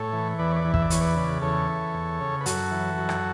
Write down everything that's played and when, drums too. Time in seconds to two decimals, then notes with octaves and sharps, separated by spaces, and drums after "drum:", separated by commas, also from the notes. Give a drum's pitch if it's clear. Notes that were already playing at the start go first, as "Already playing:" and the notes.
Already playing: A2 A4 C#5
0.13 E3
0.39 E2 B4 D5
0.51 C#5
0.56 B4 D5
0.65 E3
0.74 E5, drum: kick
0.82 D5
0.90 E2 C#5, drum: hi-hat
1.00 B4 D5
1.16 C#3
1.42 E2 A4 C#5
1.69 E3
1.94 E2
2.21 C#3
2.41 B4
2.46 F#2 F#4 A4, drum: hi-hat
2.71 E3
2.97 F#2
3.09 drum: rim click